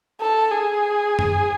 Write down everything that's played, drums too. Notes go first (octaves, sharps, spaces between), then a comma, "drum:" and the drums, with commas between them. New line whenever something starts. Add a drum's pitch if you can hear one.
A4
G#4
drum: tom F#2